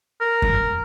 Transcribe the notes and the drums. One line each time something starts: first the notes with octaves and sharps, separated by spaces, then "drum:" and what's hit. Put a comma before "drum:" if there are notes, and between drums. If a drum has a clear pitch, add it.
A#4
drum: kick F#2